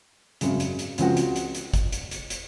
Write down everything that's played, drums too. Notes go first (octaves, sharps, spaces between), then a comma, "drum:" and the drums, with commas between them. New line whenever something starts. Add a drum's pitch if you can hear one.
G#1 F#2 C#3, drum: hi-hat
drum: hi-hat
drum: hi-hat
C#2 C#3 F3 C4 F#4, drum: hi-hat
drum: hi-hat
drum: hi-hat
drum: hi-hat
drum: kick G1, hi-hat
drum: hi-hat
drum: hi-hat
drum: hi-hat